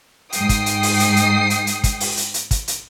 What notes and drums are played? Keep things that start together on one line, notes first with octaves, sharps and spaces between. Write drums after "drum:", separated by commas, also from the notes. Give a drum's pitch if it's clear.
G#2 G5 D#6 C7, drum: hi-hat
drum: kick, hi-hat
drum: hi-hat
drum: open hi-hat
drum: hi-hat
drum: hi-hat
drum: hi-hat
drum: hi-hat
drum: kick, hi-hat
drum: open hi-hat
drum: hi-hat
drum: hi-hat
drum: kick, hi-hat
drum: hi-hat